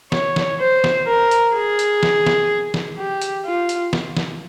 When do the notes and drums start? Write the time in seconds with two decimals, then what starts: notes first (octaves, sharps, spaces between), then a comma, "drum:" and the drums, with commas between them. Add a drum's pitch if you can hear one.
0.12 C#5, drum: snare
0.36 drum: snare
0.60 C5
0.84 drum: snare
1.07 A#4
1.31 drum: hi-hat
1.55 G#4
1.79 drum: hi-hat
2.03 drum: snare
2.26 drum: snare
2.74 drum: snare
2.98 G4
3.22 drum: hi-hat
3.46 F4
3.69 drum: hi-hat
3.93 drum: snare
4.17 drum: snare